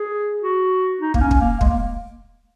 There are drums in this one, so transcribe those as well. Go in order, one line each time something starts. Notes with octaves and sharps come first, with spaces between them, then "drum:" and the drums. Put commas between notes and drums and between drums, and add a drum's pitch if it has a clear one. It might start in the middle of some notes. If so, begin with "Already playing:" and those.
Already playing: G#4
F#4
D#4
A#3, drum: kick
C#4
drum: kick
A#3
G#3, drum: kick
A#3